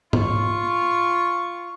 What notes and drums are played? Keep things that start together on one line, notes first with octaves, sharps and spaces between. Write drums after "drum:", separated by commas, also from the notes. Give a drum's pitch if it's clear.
F4 C#6, drum: tom G#2